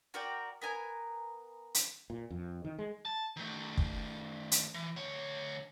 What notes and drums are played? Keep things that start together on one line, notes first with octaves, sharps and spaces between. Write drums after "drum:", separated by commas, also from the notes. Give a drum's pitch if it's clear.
F#4 A#4 D5 G5
B3 A#4 G#5 A#5
drum: hi-hat
A#2
F2
D#3
G#3
A5
D#3 A3
drum: kick
drum: hi-hat
E3
D2 C#5